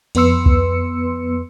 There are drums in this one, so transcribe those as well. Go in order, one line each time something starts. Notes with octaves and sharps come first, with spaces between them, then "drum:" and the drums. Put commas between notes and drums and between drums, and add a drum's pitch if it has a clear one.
F2 B3 B4 C6 E6 C#7, drum: cymbal
drum: kick C#2